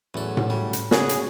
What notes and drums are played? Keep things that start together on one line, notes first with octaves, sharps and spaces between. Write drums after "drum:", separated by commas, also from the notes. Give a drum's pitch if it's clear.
E2 A2 F#3 C#4 A4
drum: tom A2
G3
drum: hi-hat
C#3 C#4 F#4 G#4, drum: snare
drum: hi-hat